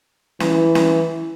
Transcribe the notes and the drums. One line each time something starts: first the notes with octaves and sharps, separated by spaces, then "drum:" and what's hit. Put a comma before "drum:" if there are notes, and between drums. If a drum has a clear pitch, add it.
E3, drum: snare C#4
drum: snare C#4